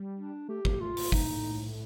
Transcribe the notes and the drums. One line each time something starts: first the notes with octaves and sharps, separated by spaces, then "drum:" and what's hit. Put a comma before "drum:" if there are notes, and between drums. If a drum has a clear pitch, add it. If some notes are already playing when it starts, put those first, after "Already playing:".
Already playing: G3
D4
A3 G4
A#3, drum: kick
A3 F4
A#2, drum: open hi-hat
A2 D#4, drum: kick